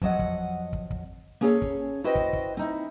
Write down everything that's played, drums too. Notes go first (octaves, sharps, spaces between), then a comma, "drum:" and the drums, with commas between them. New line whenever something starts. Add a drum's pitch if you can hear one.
F2 F#3 D#5 F#5, drum: kick
drum: kick
drum: kick
drum: kick
A#3 C#4 G#4 A4 C#5
drum: kick
E4 F#4 B4 C5 D#5 G5
drum: kick
drum: kick
C4 D#4 E4